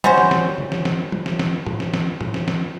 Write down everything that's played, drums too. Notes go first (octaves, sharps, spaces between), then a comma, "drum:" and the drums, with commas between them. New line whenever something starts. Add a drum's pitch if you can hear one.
G3 C#4 F#4 C5, drum: tom
drum: snare
drum: snare
drum: tom
drum: snare
drum: snare
drum: tom
drum: snare
drum: snare
drum: tom
drum: snare
drum: snare
drum: tom
drum: snare
drum: snare